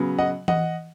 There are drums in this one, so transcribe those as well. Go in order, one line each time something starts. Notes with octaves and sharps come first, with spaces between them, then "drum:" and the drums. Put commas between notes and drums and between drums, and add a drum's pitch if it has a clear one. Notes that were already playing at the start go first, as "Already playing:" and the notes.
Already playing: C#3 F#3 B3
D#5 F#5
D#5 F#5, drum: tom E3